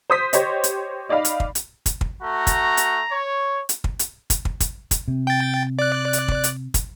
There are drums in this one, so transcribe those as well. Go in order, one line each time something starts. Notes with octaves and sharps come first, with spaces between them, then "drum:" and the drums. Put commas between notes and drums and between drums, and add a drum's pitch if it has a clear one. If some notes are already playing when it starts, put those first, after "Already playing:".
C5 D#6 B6
G4 C5 C#5 D#5, drum: hi-hat
drum: hi-hat
D#4 D5 D#5 F5 B5
drum: hi-hat
drum: kick
drum: hi-hat
drum: kick, hi-hat
drum: kick
A3 F#4 A#5
drum: kick, hi-hat
drum: hi-hat
C#5
drum: hi-hat
drum: kick
drum: hi-hat
drum: kick, hi-hat
drum: kick
drum: kick, hi-hat
drum: kick, hi-hat
C3
G5 A6
D5 F#6
drum: hi-hat
drum: kick
drum: hi-hat
drum: kick, hi-hat